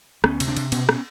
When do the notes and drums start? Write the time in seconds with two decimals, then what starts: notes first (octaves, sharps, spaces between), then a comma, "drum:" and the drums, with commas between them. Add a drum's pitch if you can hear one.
0.24 D2 B3 C#4, drum: rim click
0.40 C3, drum: cymbal
0.48 C4 D4
0.57 C3, drum: cymbal
0.72 B2 B3 C#4, drum: cymbal
0.89 B3 C#4, drum: rim click